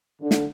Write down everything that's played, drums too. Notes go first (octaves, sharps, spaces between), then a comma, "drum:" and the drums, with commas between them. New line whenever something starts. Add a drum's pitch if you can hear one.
D3
drum: snare